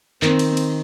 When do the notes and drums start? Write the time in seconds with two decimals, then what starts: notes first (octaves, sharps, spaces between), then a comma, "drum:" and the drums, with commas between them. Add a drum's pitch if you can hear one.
0.22 D#3 C4, drum: clap
0.39 drum: cymbal
0.57 drum: cymbal